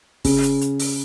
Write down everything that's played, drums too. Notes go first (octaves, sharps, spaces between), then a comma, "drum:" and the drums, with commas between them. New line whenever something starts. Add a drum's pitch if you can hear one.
C#3, drum: kick, open hi-hat
drum: hi-hat
drum: hi-hat
drum: open hi-hat